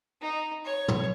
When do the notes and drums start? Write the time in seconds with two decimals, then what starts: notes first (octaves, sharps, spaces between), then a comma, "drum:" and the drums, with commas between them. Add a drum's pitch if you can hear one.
0.22 D#4
0.65 C#5
0.88 drum: tom